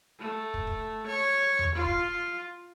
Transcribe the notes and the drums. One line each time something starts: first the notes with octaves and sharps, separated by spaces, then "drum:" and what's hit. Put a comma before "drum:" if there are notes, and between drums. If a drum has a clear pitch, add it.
A3
drum: kick
drum: kick
C#5
drum: tom E2
F4
drum: kick